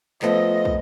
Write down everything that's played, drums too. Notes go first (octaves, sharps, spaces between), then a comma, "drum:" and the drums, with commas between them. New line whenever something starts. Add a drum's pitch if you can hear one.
F3 A3 B3 A4 D#5, drum: clap
drum: kick